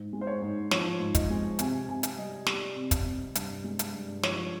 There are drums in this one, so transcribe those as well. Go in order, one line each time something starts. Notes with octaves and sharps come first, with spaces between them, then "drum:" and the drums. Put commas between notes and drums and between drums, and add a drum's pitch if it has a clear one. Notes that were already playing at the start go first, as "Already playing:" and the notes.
Already playing: G#2
G#3
C5
C#5
G#2
F3 C#5, drum: snare
G#2
D#5, drum: kick, hi-hat
G#3
C3 G#5, drum: hi-hat
C3 G#5
drum: hi-hat
G3 D#5
G3, drum: snare
C3
drum: kick, hi-hat
C3
G2, drum: hi-hat
G#3
drum: hi-hat
G2
F3 C#5, drum: snare